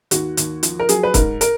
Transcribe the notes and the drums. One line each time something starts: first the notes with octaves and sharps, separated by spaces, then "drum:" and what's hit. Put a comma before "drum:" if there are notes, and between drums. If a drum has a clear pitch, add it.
D#2 F#4, drum: hi-hat
D#2, drum: hi-hat
F3, drum: hi-hat
A#4
F#3 G#4, drum: hi-hat
B4
G#2 A#4, drum: kick, hi-hat
A#4, drum: hi-hat